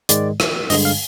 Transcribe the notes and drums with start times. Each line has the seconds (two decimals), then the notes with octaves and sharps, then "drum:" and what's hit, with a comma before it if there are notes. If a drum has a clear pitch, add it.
0.09 G#2 D#3 G#3 D5, drum: hi-hat
0.40 drum: rim click
0.70 G2 D3 G#3 D#5, drum: open hi-hat
0.85 F5